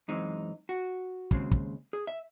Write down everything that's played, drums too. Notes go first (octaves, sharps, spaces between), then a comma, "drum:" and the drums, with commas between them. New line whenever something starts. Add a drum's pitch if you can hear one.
F#2 E3 G#3 C4 D#4
F#4
D#2 C#3 G#3 C4, drum: kick
drum: kick
G#4
E5